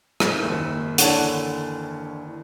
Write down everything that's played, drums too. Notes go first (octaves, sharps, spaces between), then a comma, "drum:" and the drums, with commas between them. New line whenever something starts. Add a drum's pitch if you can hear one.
G#2, drum: rim click
F#1 D#2 E5
D3 E3 D4 C#5 F#5 A5, drum: hi-hat